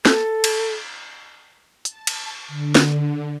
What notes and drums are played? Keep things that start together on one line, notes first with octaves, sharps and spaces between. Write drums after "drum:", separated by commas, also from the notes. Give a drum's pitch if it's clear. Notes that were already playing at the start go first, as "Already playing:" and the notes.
A4, drum: snare
drum: cymbal
A5, drum: hi-hat
drum: cymbal
D3
drum: snare